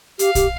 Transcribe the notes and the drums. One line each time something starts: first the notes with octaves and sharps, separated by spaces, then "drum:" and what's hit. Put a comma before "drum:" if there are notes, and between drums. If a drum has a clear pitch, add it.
G4 F5, drum: hi-hat
G4, drum: kick A#1, hi-hat